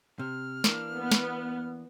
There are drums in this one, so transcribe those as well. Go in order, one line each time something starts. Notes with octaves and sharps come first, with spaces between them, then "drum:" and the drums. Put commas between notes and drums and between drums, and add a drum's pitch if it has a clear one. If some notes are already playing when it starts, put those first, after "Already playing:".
C3 F6
E3 A#3 D4, drum: snare
B3
drum: snare